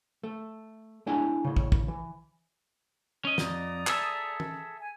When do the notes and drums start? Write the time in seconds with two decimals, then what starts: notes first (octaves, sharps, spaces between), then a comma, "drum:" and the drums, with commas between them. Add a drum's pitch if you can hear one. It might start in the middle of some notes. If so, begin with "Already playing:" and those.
0.23 A3
1.06 A3 D4 E4 G#4 G5 G#5
1.44 A2 C#3
1.56 drum: kick
1.72 drum: kick
1.88 E3
3.25 C#4 D#5
3.38 F2 D5 A#5 D#6, drum: snare
3.87 G#4 A4 E5, drum: clap
4.40 drum: tom E3
4.79 G#5